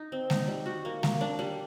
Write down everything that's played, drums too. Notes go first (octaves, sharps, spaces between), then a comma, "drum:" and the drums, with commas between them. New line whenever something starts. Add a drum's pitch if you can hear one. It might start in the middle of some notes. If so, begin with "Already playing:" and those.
Already playing: D#4
C4
D#4, drum: snare G#3
G3
F#4
A#3
A#3, drum: snare G#3
D4
G3